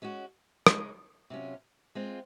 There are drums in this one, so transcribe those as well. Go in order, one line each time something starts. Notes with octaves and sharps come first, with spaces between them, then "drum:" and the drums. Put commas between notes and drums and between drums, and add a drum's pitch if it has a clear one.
G#3 C#4 F#4
C#3 G#3 D#4, drum: rim click
C3 F#3 C#4 F4
G#3 C4 F4